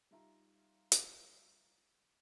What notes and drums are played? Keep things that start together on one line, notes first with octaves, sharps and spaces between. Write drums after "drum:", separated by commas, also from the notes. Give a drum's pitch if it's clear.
G3 D#4 F4 E5 A#5
drum: hi-hat